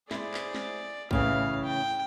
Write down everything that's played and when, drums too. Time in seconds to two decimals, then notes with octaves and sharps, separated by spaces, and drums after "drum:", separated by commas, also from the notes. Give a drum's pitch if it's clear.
0.11 E4 G#4 C5 D5, drum: snare
0.34 drum: clap
0.55 drum: snare
1.11 A2 C#3 E3 F5, drum: kick A#1
1.64 G5